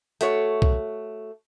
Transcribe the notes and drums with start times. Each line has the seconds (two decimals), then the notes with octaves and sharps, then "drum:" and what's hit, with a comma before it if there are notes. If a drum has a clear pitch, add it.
0.21 A3 F#4 C#5, drum: hi-hat
0.62 drum: kick C2